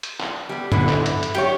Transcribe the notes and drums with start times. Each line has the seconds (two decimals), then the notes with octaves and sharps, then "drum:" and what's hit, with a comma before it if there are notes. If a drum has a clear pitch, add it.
0.03 drum: hi-hat
0.20 drum: clap
0.49 G3 B3
0.72 D3 B3 E4, drum: tom G2
0.89 drum: clap
1.06 drum: hi-hat
1.23 drum: hi-hat
1.35 F#2 G3 G4 C#5